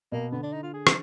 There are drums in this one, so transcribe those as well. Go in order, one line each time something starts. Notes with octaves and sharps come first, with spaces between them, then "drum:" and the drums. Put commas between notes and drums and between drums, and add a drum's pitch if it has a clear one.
B2 A#3
D3 B3
D4
D#4
F4
G#4
drum: rim click